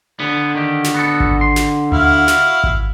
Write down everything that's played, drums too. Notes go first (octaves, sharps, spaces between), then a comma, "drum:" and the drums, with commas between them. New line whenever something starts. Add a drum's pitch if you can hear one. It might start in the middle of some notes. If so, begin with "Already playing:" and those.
D3 B3
D#3 G4
drum: snare
B3 F#4 A4
drum: kick G#1
C6
drum: snare
E4 F#4 F5, drum: tom D2
drum: snare
drum: kick G#1